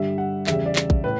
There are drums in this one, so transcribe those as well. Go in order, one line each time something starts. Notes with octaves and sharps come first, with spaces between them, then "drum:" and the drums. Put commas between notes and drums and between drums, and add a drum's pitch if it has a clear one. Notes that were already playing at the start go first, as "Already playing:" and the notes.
Already playing: G2 D3 G3 E5
F#5
E2 C#3 G3 E5, drum: clap
D5
drum: clap
drum: kick
A2 B4